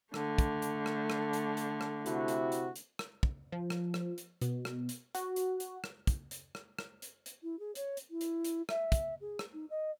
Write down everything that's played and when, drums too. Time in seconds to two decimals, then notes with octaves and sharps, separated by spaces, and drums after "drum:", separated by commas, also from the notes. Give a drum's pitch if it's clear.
0.14 D3 A3, drum: rim click
0.39 drum: kick, hi-hat
0.62 drum: hi-hat
0.86 drum: rim click
1.10 drum: rim click
1.33 drum: hi-hat
1.57 drum: hi-hat
1.81 drum: rim click
2.06 C3 E4 F#4, drum: hi-hat
2.28 drum: hi-hat
2.52 drum: hi-hat
2.76 drum: hi-hat
2.99 drum: rim click
3.23 drum: kick
3.52 F3
3.70 drum: rim click
3.94 drum: rim click
4.18 drum: hi-hat
4.41 B2, drum: hi-hat
4.65 drum: rim click
4.89 drum: hi-hat
5.15 F#4, drum: hi-hat
5.36 drum: hi-hat
5.60 drum: hi-hat
5.84 drum: rim click
6.07 drum: kick, hi-hat
6.31 drum: hi-hat
6.55 drum: rim click
6.79 drum: rim click
7.02 drum: hi-hat
7.26 drum: hi-hat
7.43 E4
7.59 G#4
7.75 C#5, drum: hi-hat
7.97 drum: hi-hat
8.10 E4
8.21 drum: hi-hat
8.44 drum: hi-hat
8.69 E5, drum: rim click
8.92 drum: kick, hi-hat
9.20 G#4
9.39 drum: rim click
9.53 D#4
9.70 D#5